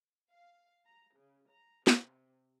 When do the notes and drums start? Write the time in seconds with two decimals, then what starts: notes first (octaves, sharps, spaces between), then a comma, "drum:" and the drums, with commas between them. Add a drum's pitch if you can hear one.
0.29 F5
0.85 A#5
1.17 C#3
1.50 A#5
1.87 C3, drum: snare